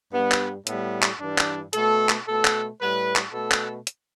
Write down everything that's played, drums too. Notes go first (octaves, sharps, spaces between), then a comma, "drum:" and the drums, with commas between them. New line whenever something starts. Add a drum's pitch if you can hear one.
G2 G3 B3
drum: clap
A2 G3 B3, drum: hi-hat
drum: clap
G2 E3 G3 D4
drum: clap
B2 A3 A4, drum: hi-hat
drum: clap
B2 A3 A4
drum: clap
A2 G3 B4
drum: clap
B2 A3 A4
drum: clap
drum: hi-hat